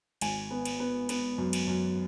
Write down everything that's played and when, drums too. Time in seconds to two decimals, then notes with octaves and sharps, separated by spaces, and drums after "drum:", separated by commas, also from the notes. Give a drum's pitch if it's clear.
0.21 G#1 G#5, drum: cymbal
0.51 B3
0.65 drum: cymbal
0.80 B3
1.09 B3, drum: cymbal
1.38 F#2
1.53 drum: cymbal
1.67 F#2